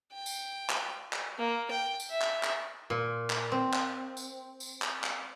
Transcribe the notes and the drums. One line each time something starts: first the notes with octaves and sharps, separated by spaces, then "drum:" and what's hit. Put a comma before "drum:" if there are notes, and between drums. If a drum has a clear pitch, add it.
G5
drum: tambourine
drum: clap
drum: clap
A#3
G5
drum: tambourine
E5
drum: clap
drum: clap
A#2
drum: clap
C4
drum: clap
drum: tambourine
drum: tambourine
drum: clap
drum: clap